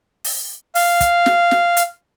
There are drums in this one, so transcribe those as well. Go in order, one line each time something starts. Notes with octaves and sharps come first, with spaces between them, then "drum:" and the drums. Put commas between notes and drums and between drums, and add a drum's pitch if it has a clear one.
drum: open hi-hat
F5, drum: open hi-hat
drum: kick, hi-hat
drum: snare
drum: snare
drum: hi-hat